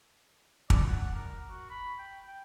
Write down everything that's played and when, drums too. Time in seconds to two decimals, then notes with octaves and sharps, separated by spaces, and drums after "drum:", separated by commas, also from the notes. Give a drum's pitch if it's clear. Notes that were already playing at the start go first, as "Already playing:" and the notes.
0.70 D5, drum: kick
0.88 F#5
1.15 A#4
1.49 F#4
1.70 B5
1.99 G5
2.27 G5